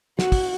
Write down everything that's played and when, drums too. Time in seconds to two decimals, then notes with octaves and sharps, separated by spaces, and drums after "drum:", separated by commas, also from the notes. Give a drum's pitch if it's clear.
0.19 F#4, drum: snare
0.32 drum: kick, open hi-hat